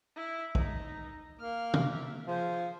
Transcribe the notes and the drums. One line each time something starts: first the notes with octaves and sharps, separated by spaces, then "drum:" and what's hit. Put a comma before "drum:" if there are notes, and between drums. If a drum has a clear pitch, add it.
E4
D#4, drum: kick
A#3 F6
drum: tom
E5
F3 G#4 C5